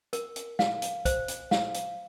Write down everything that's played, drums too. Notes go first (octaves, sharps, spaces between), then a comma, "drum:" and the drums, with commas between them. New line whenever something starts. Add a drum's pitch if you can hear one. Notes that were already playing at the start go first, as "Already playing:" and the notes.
A#4, drum: hi-hat
drum: hi-hat
F5, drum: snare
drum: hi-hat
C5, drum: kick, hi-hat
drum: hi-hat
F5, drum: snare
drum: hi-hat